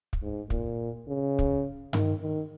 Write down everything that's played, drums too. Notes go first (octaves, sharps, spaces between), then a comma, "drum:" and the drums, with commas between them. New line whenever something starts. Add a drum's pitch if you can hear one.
drum: kick
G#2
A#2, drum: kick
C#3
drum: kick
D#3, drum: tom G2
D#3